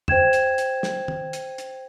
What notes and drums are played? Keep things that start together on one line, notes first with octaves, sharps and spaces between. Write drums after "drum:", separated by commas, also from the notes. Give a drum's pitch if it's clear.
C5 G5 G#6 E7, drum: tom E2
drum: hi-hat
drum: hi-hat
drum: snare
drum: tom
drum: hi-hat
drum: hi-hat